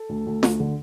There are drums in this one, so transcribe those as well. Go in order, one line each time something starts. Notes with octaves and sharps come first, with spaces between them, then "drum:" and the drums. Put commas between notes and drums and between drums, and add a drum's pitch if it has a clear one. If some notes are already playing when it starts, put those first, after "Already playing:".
Already playing: A4
D2
D2
D2, drum: snare
D3